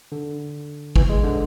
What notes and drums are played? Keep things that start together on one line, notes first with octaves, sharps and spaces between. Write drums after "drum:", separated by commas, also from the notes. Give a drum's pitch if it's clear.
D3
E3, drum: kick
G#3
D3